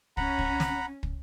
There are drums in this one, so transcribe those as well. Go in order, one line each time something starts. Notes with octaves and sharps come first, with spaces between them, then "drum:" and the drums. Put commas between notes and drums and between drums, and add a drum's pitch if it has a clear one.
C#4 F#5 A#5 B5, drum: kick
drum: kick
drum: snare
drum: kick